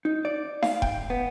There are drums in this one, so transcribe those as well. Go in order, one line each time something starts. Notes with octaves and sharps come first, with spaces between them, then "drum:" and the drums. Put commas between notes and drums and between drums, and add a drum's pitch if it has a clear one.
D#4
D5
F5, drum: snare D#4
G5, drum: kick E1
B3